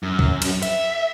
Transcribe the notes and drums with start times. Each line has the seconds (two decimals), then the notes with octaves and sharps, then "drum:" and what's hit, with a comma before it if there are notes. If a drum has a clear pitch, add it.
0.03 F#2
0.19 drum: kick
0.42 drum: cymbal
0.63 E5, drum: hi-hat